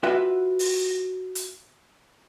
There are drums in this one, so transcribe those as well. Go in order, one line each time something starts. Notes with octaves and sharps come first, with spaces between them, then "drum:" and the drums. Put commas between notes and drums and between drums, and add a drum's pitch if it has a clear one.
F4 F#4 B4 E5
drum: open hi-hat
drum: hi-hat